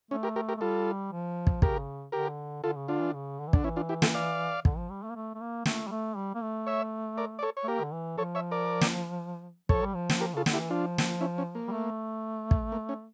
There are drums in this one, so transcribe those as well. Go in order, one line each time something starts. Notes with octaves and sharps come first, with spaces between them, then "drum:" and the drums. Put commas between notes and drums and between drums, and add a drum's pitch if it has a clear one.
A3 C#4
G4 A#4
G4 A#4
G4 A#4
A3
G3 F4 A4
F3
drum: kick
C#3 G4 A#4, drum: kick
D3 G4 A#4
D3 F4 A4
C#3
D3 D4 F4
E3
C#3
D3
E3
D3 D4, drum: kick
E3 C#4 E4
D4 F4
E4 G4
F4 A4, drum: snare
D5 F5
D3, drum: kick
F3
G3
A3
A#3
A3
A3
A#3
A3, drum: snare
G3
A3
G3
A#3
A3
C#5 E5
A#4 D5
D5
A4 C#5
C#5
A3
A#3 G4 A#4
D3
E3
F3 A4 C#5
C#5 E5
A#4 D5
drum: snare
F3 A4 C#5, drum: kick
G3
F3
drum: snare
G4 A#4
C#3 F4 A4
D3, drum: snare
E4 G4
E3
F3 D4 F4
drum: snare
C#4 E4
C#4
A#3
G3
A3
drum: kick
A#3
C#4